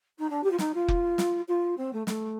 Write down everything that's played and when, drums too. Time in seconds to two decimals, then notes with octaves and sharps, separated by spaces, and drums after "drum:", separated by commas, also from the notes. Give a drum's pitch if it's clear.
0.18 D#4
0.29 D4
0.43 G4
0.50 F4
0.58 D#4, drum: snare
0.74 F4
0.88 drum: kick F1
1.18 drum: snare
1.48 F4
1.77 C4
1.93 A3
2.07 A3, drum: snare